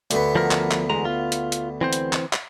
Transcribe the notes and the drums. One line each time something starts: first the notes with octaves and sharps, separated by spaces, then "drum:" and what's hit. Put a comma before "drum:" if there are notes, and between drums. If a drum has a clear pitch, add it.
D2 B3, drum: hi-hat
F3 A#4
drum: clap
drum: clap
E2 G#3 A#5
F4
drum: hi-hat
drum: hi-hat
E3 C4 C5
drum: hi-hat
drum: clap
drum: clap